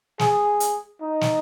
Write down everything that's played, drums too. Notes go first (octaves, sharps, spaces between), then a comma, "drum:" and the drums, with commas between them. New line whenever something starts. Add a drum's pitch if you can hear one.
G#4, drum: snare
drum: hi-hat
D#4
drum: snare